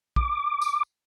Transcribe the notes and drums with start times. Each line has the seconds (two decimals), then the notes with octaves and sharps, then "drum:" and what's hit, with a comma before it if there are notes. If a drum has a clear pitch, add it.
0.16 D6, drum: kick
0.62 drum: tambourine